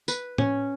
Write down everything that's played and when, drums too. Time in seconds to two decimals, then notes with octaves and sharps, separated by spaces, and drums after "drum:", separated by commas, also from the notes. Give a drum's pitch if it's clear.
0.08 B4, drum: tambourine
0.38 C#4, drum: tom A2